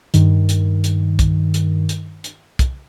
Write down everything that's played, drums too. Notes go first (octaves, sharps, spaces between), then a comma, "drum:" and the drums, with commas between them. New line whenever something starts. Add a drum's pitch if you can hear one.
G2 D#3, drum: hi-hat
drum: hi-hat
drum: hi-hat
drum: kick, hi-hat
drum: hi-hat
drum: hi-hat
drum: hi-hat
drum: kick, hi-hat